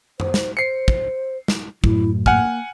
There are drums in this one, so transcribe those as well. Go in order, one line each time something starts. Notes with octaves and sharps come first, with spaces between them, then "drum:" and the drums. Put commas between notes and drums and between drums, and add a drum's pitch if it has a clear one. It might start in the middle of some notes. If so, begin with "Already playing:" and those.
C5, drum: tom F#2
drum: snare
C5 C7 C#7
drum: kick
drum: snare
F#2 A2 F#3 E4, drum: kick
A#3 F#5 G#5 F6, drum: kick